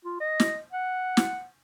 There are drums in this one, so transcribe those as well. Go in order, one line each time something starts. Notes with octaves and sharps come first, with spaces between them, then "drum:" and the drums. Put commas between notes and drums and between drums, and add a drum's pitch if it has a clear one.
F4
D#5
drum: snare
F#5
drum: snare